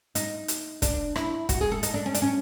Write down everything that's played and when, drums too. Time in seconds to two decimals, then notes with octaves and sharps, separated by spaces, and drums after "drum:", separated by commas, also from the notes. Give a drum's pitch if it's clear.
0.15 D#4, drum: hi-hat
0.48 drum: hi-hat
0.82 D4, drum: kick, hi-hat
1.16 E4, drum: rim click
1.49 F#4, drum: kick, hi-hat
1.61 G#4
1.72 A4
1.83 D#4, drum: hi-hat
1.94 D4
2.06 C#4
2.14 D4, drum: hi-hat
2.22 C#4